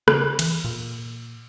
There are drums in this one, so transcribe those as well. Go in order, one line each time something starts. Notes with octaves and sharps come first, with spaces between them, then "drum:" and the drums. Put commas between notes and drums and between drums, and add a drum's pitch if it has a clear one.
C#3, drum: rim click
E3, drum: cymbal
A#2